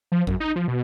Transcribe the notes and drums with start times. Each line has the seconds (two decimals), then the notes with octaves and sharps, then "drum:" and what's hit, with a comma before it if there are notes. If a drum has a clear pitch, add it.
0.12 F3
0.27 F#2, drum: kick G#1
0.40 D#4
0.56 F3
0.68 B2